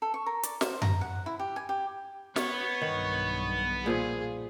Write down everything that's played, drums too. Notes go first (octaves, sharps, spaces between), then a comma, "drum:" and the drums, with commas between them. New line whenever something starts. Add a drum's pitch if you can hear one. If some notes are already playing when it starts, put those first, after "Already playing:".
A4
C#6
A#4
D5, drum: hi-hat
C5, drum: snare
A#5, drum: tom F#2
F#5
E4
G4
G#5
G4
B3 C#5, drum: snare
B1 G2 D#3
A#2 F3 G#4 C5